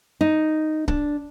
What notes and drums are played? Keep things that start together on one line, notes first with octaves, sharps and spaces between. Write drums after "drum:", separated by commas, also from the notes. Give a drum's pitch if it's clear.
D#4
D4, drum: kick C#1